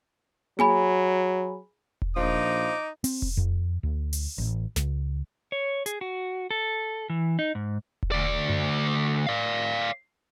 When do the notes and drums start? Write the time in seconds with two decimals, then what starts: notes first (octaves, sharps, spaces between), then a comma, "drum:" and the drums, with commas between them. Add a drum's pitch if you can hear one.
0.59 F#3 G#4 G#5 B5, drum: tom A#3
2.02 drum: kick E1
2.17 A#1 F3 D#4 D6
3.04 C4, drum: open hi-hat
3.22 drum: kick E1
3.37 F2
3.83 D2
4.13 drum: open hi-hat
4.38 A1
4.76 C#2, drum: snare
5.52 C#5
5.86 G#4, drum: hi-hat
6.01 F#4
6.51 A4
7.10 E3
7.39 D#4
7.55 G#2
8.03 drum: kick E1
8.12 D2 D5
8.50 drum: tom F#2
9.27 D5 F5